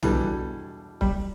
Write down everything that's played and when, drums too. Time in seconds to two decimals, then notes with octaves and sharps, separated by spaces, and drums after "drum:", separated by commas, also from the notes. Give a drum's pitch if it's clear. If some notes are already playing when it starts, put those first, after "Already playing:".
0.03 E2 B2 E3 G3 D4 A4, drum: tom
1.01 G3, drum: kick C#1